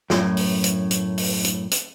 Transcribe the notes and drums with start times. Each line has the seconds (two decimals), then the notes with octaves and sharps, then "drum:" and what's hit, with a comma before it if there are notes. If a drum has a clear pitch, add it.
0.10 F#2 A2, drum: snare
0.37 drum: open hi-hat
0.64 drum: hi-hat
0.91 drum: hi-hat
1.18 drum: open hi-hat
1.45 drum: hi-hat
1.71 drum: hi-hat